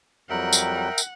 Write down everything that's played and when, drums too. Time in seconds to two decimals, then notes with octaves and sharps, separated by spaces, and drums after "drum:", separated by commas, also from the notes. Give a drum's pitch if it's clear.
0.30 F2 F#3 G3 A#4 E5 F#5 G5
0.53 drum: tambourine
0.98 drum: tambourine